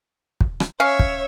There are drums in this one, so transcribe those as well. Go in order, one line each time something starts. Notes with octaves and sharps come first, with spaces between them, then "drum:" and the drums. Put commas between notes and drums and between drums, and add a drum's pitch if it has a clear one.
drum: kick
drum: rim click
C#4 C#5 E5 F5
drum: kick